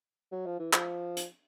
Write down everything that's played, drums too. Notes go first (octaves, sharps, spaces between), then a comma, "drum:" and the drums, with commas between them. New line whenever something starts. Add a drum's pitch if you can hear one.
F#3
F3
E3
F3, drum: clap
drum: hi-hat